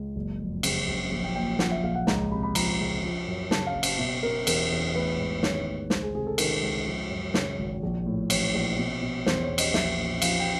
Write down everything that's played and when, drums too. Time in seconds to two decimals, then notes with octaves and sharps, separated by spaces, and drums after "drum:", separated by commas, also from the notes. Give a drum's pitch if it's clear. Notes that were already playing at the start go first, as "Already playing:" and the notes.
Already playing: C#2
0.16 F#1
0.39 F2
0.63 C#3, drum: cymbal
0.88 F#1
1.11 A#1
1.24 G5
1.35 A#2 G5
1.59 F3 F#5, drum: snare
1.72 E5
1.83 A#1 F5
1.95 F#5
2.07 C#2 A#5, drum: snare
2.31 C3 B5
2.43 B5
2.55 F3 A#5, drum: cymbal
2.79 C#2
3.03 F3
3.27 F#2
3.51 C#3 A5, drum: snare
3.67 F5
3.75 F#1
3.83 F5, drum: cymbal
3.98 B2 E5
4.23 B2 A#4
4.47 E2 A#4, drum: cymbal
4.71 E2
4.95 A1 B4
5.18 G#2
5.43 D#3 C#5, drum: snare
5.67 A1
5.90 C#2 C5, drum: snare
6.02 G#4
6.15 C3 G#4
6.27 A4
6.38 D#3 A#4, drum: cymbal
6.62 C#2
6.86 F3
7.11 F#2
7.34 C#3 C#5, drum: snare
7.59 G#1
7.83 A#1
8.06 A2
8.30 E3 C#5, drum: cymbal
8.54 A#1
8.78 B2
9.02 B2
9.26 E2 C5, drum: snare
9.42 C#5
9.50 E2
9.58 D#5, drum: cymbal
9.74 A#1 E5, drum: snare
9.98 A#2
10.22 F3 F5, drum: cymbal
10.40 G5